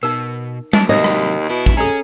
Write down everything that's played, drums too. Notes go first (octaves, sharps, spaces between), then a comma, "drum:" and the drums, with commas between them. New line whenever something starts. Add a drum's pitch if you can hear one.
B2 D#4 A#4
F#3 D4, drum: tom G3
D#2 C3 F#3 D#5
drum: rim click
B2 E4
drum: kick
C#4 G#4 A4 D#5 A#5